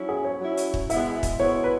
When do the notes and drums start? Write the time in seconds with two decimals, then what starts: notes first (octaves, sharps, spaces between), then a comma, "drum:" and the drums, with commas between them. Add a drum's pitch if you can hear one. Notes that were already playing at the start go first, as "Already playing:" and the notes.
Already playing: F#3 C#4 E4
0.09 G#4
0.25 C#5
0.41 F#3 C#4 E4
0.57 drum: hi-hat
0.74 drum: kick
0.90 B2 G#3 B3 E4 E5, drum: hi-hat
1.23 drum: kick, hi-hat
1.39 B2 G#3 B3 E4 C#5
1.64 B4